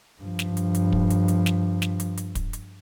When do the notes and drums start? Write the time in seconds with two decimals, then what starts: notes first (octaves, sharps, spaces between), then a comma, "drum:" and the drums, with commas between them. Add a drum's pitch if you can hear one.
0.21 G2 F3
0.39 drum: snare
0.57 drum: hi-hat
0.75 drum: hi-hat
0.92 drum: kick
1.10 drum: hi-hat
1.28 drum: hi-hat
1.46 drum: snare
1.82 drum: snare
2.00 drum: hi-hat
2.18 drum: hi-hat
2.35 drum: kick, hi-hat
2.53 drum: hi-hat